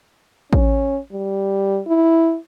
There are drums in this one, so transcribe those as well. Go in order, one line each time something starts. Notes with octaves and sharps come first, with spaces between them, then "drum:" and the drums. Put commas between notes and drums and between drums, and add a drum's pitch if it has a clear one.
C#4, drum: kick
G3
E4